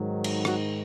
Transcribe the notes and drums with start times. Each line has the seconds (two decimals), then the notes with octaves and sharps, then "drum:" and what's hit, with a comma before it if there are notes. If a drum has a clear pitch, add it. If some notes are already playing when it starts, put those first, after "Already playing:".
Already playing: G#2 D#3 F#3
0.24 drum: cymbal
0.45 F#3 F#4, drum: rim click